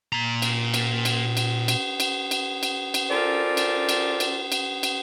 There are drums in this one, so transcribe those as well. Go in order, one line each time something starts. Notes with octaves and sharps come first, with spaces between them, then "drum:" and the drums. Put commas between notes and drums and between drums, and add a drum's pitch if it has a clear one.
A#2 A#5
drum: cymbal
drum: cymbal
drum: cymbal
drum: cymbal
drum: cymbal
drum: cymbal
drum: cymbal
drum: cymbal
drum: cymbal
C#4 F4 A4 A#4 C5 D5
drum: cymbal
drum: cymbal
drum: cymbal
drum: cymbal
drum: cymbal